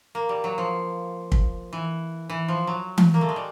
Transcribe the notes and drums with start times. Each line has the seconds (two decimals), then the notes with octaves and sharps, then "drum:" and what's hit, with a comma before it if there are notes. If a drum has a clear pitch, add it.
0.15 A#3
0.29 G3
0.44 F#3
0.58 F3
1.32 drum: kick
1.73 E3
2.30 E3
2.48 F3
2.67 F#3
2.98 drum: tom E3
3.14 A#3
3.21 A3
3.29 G#3
3.36 G3